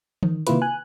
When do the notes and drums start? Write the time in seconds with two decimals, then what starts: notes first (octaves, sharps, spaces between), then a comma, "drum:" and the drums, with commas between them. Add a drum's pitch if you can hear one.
0.23 D#3, drum: tom E3
0.47 C3 D#3 A#3 E4 F4 B4, drum: hi-hat
0.62 G#5 F#6